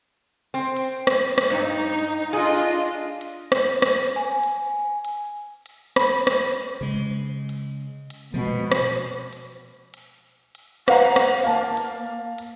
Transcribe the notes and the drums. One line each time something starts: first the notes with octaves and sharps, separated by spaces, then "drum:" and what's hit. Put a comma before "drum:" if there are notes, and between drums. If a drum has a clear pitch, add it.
C4
drum: hi-hat
drum: rim click
drum: rim click
G2 D#4
drum: hi-hat
D4 F4 G#4 D#5
drum: hi-hat
drum: hi-hat
drum: rim click
drum: rim click
G#5
drum: hi-hat
drum: hi-hat
drum: hi-hat
B5, drum: rim click
drum: rim click
C#3 G#3
drum: hi-hat
drum: hi-hat
B2 F3 G#3
drum: rim click
drum: hi-hat
drum: hi-hat
drum: hi-hat
B4 F5 F#5 A#5, drum: rim click
drum: rim click
A#3 F5 A5
drum: hi-hat
drum: hi-hat